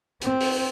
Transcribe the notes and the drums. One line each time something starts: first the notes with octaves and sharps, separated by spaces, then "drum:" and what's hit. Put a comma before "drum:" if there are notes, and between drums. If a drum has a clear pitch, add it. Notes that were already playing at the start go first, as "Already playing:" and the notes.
C4, drum: hi-hat
drum: open hi-hat